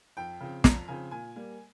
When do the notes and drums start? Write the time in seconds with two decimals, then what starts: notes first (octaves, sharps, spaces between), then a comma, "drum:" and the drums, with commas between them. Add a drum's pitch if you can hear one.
0.17 F2 G5
0.40 C#3 F3 C4
0.64 F2 A#5, drum: snare
0.88 C#3 F3 C4 G#5
1.11 A#2 G#5
1.36 G3 A#3